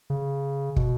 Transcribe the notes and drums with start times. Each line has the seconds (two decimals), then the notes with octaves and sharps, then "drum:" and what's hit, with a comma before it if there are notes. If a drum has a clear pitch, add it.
0.10 C#3
0.76 B2, drum: kick